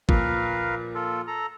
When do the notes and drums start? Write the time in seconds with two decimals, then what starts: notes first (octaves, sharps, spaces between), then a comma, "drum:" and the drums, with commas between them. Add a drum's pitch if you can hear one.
0.09 A#2 F3 A#4 B4 F5, drum: kick G#1
0.95 F4 A4
1.27 A4 A#5